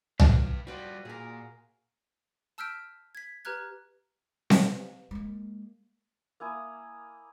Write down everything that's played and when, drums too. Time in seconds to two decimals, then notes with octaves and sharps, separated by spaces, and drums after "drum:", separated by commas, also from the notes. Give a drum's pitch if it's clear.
0.20 B4 F5, drum: tom C2
0.67 G3 F4 F#4 B4 G5
1.05 A#2 G#4 A#4
2.58 A5 E6 F6 G6 B6 D7
3.15 G#6 B6
3.45 G4 B4 A#5 F6 F#6 G#6
4.50 drum: snare C4
5.11 G#3 A#3
6.40 A#3 E4 G#5 D#6